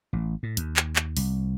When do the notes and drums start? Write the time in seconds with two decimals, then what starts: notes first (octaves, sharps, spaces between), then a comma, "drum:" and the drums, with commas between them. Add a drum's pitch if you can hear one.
0.13 A1
0.43 A2
0.57 D#2, drum: hi-hat
0.77 drum: clap
0.96 drum: clap
1.17 C2, drum: open hi-hat